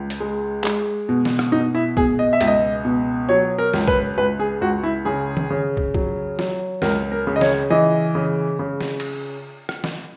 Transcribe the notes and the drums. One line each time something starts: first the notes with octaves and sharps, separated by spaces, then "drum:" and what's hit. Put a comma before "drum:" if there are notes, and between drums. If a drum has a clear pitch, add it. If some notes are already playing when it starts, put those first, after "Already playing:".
Already playing: C#2
drum: hi-hat
G#3
G#3, drum: clap
B2
drum: snare
drum: rim click
B2 D#4
E4
B2 G#4, drum: kick
D#5
E5
C#2, drum: hi-hat
D#5
B2
F#3 C#5
A#4
C#2, drum: snare
B4, drum: kick
C#2 B4
G#4
C#2 F#4
E4
C#3 G#4
drum: tom D#3
C#3
drum: kick
F#3, drum: kick
F#3, drum: snare
C#2 A#4, drum: snare
A#4
C#3
D#5
C#5, drum: snare
E3 D#5
C#3
C#3
drum: snare
drum: cymbal
drum: rim click
drum: snare